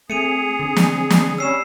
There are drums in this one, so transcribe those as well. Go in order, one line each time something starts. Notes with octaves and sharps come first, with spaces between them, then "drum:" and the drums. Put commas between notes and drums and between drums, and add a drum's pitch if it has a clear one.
A3 C4 G#4 C#7 D#7 F7
D3 C4
drum: snare
drum: snare
G3 C#4 E6 C7 E7